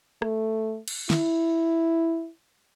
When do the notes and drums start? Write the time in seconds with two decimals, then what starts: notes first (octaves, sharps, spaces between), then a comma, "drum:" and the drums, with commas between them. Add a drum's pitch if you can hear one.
0.22 A3, drum: rim click
0.88 drum: cymbal
1.10 E4, drum: snare